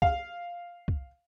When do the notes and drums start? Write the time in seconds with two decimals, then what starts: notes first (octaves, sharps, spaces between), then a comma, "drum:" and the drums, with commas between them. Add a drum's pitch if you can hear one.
0.02 F5, drum: kick C2
0.88 drum: kick C2